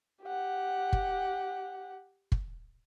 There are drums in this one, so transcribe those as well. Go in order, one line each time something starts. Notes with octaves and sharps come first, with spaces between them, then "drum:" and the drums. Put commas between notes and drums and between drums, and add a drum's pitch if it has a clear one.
G4 F#5
drum: kick
drum: kick